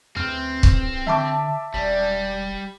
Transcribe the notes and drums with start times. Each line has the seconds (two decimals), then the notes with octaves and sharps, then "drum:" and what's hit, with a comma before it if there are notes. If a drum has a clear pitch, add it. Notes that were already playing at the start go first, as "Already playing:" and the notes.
0.17 D2 C#3 E3 C4 G4 F6
0.63 drum: kick C#1
1.07 D3 E5 A5 D6
1.74 E1 G3 C#4 D4 D5